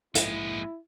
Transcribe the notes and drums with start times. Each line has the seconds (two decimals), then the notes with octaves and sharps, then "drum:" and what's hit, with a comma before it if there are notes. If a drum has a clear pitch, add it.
0.15 A#1 G#2 G#3 A#3 B3 E4, drum: hi-hat